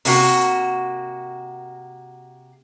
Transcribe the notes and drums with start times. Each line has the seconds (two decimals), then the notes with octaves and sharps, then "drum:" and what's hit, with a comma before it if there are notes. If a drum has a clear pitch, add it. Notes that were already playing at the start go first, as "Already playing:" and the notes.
0.05 C3 A#3 F#4, drum: open hi-hat